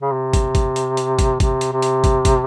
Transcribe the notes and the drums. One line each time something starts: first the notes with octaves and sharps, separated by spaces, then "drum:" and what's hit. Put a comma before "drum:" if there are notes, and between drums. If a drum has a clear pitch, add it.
C#3
C3
drum: kick, hi-hat
drum: kick, hi-hat
drum: hi-hat
drum: hi-hat
drum: kick, hi-hat
C3, drum: kick, hi-hat
drum: hi-hat
C3
drum: hi-hat
drum: kick, hi-hat
drum: kick, hi-hat